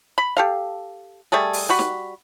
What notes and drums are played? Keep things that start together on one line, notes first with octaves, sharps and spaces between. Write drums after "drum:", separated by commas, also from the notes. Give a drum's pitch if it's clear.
B5
G4 A4 F5
G3 A3 G#4 A4
drum: open hi-hat
G3 F#4 B5
drum: snare